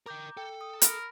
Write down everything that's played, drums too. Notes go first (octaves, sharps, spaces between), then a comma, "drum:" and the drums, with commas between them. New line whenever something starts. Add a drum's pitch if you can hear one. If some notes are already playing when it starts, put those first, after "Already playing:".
A#4 G5 A#5 D6 G6
A4 G5
D#6
A#4 B5, drum: hi-hat